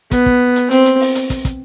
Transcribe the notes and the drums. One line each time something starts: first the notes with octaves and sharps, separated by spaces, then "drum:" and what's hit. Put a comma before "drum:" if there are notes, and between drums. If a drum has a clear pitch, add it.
B3, drum: kick, hi-hat
drum: kick
drum: hi-hat
C4, drum: hi-hat
drum: hi-hat
drum: open hi-hat
drum: hi-hat
drum: kick, hi-hat
drum: kick, hi-hat